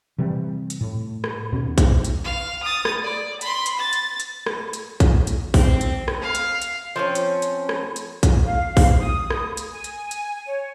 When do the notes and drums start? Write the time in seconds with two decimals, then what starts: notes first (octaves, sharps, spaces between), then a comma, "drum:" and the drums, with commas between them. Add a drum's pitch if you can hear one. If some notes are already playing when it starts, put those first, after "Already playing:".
0.18 C3 E3 G3
0.70 drum: hi-hat
0.81 A2
1.24 drum: rim click
1.52 D#2 B2 C#4
1.78 drum: kick, hi-hat
2.04 drum: hi-hat
2.24 F5
2.63 D#6 A6
2.85 drum: rim click
3.04 D5
3.41 B5 C6, drum: hi-hat
3.66 drum: hi-hat
3.79 A6
3.93 drum: hi-hat
4.20 drum: hi-hat
4.46 drum: rim click
4.73 drum: hi-hat
5.00 drum: kick, hi-hat
5.27 drum: hi-hat
5.54 C4, drum: kick, open hi-hat
5.81 drum: hi-hat
6.08 drum: rim click
6.21 F5
6.35 drum: hi-hat
6.62 drum: hi-hat
6.96 F3 C4 C#4
7.15 drum: hi-hat
7.42 drum: hi-hat
7.69 drum: rim click
7.96 drum: hi-hat
8.23 drum: kick, hi-hat
8.45 F5
8.77 drum: kick, open hi-hat
9.00 D#6
9.30 drum: rim click
9.57 drum: hi-hat
9.72 G#5
9.84 drum: hi-hat
10.11 drum: hi-hat
10.46 C#5